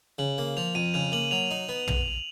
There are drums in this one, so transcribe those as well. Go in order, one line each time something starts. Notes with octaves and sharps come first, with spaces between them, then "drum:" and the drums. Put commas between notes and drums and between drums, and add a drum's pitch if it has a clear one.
C#3 F#7
A#3
F3 F7
F2 D#7
C#3 F7
A#3 F#7
F#3 F7
D#4
B3
drum: tom